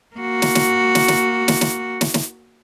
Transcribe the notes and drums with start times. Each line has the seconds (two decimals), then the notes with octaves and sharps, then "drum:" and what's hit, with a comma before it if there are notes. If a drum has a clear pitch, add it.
0.16 A#3 F#4
0.42 drum: snare
0.55 drum: snare
0.95 drum: snare
1.08 drum: snare
1.48 drum: snare
1.61 drum: snare
2.01 drum: snare
2.14 drum: snare